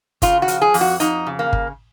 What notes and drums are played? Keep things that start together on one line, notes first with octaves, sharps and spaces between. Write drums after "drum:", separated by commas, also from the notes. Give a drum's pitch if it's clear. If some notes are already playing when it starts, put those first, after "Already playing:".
C#3 F4, drum: kick G1, hi-hat
F#4
F3, drum: hi-hat
G#4
F2, drum: open hi-hat
F#4
F2 D#4, drum: hi-hat
C#3
A#3
drum: kick G1